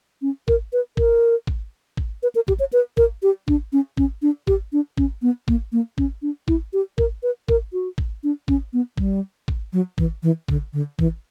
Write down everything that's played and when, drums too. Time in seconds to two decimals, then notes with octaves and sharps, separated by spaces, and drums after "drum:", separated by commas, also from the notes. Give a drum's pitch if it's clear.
0.22 C#4
0.48 A#4, drum: kick
0.73 B4
0.97 A#4, drum: kick
1.47 drum: kick
1.97 drum: kick
2.23 B4
2.35 A#4
2.48 G4, drum: kick
2.60 C#5
2.73 B4
2.97 A#4, drum: kick
3.23 G4
3.48 D4, drum: kick
3.73 C#4
3.97 C#4, drum: kick
4.22 D4
4.47 G4, drum: kick
4.73 D4
4.98 C#4, drum: kick
5.22 B3
5.48 A#3, drum: kick
5.72 A#3
5.98 C#4, drum: kick
6.22 D4
6.48 E4, drum: kick
6.73 G4
6.98 A#4, drum: kick
7.23 B4
7.48 A#4, drum: kick
7.73 F#4
7.98 drum: kick
8.24 D4
8.48 C#4, drum: kick
8.73 B3
8.97 G3, drum: kick
9.48 drum: kick
9.73 F#3
9.98 E3, drum: kick
10.23 E3
10.48 D3, drum: kick
10.73 D3
10.99 E3, drum: kick